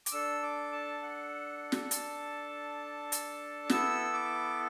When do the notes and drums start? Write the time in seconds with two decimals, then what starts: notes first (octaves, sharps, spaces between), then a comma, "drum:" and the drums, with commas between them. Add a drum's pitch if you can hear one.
0.06 D6, drum: hi-hat
0.12 D4 A4 E6
0.43 D6
0.72 A5
1.02 F#5
1.72 drum: snare
1.91 A5, drum: hi-hat
3.12 drum: hi-hat
3.70 B3 E4 A4 E6, drum: snare
4.13 D6